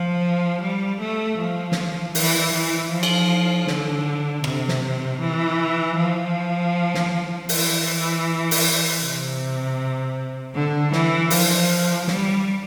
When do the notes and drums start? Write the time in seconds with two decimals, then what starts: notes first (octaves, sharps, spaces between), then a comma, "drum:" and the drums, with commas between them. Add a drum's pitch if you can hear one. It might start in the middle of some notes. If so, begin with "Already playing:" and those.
Already playing: F3
0.61 G3
1.01 A3
1.38 F3
1.72 drum: snare
2.15 E3, drum: open hi-hat
2.53 E3
2.91 F3
3.03 drum: cymbal
3.67 D3, drum: snare
4.44 C3, drum: rim click
4.68 drum: snare
5.19 E3
5.97 F3
6.94 drum: snare
7.49 E3, drum: open hi-hat
8.51 drum: open hi-hat
9.01 C3
10.55 D3
10.93 E3, drum: snare
11.30 F3, drum: open hi-hat
12.08 G3, drum: snare